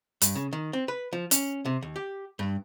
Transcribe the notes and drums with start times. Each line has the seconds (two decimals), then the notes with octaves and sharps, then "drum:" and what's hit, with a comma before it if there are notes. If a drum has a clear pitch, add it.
0.22 G2, drum: hi-hat
0.35 C#3
0.53 D#3
0.73 C4
0.88 B4
1.13 F3
1.31 C#4, drum: hi-hat
1.65 C3
1.82 D#2
1.96 G4
2.39 G2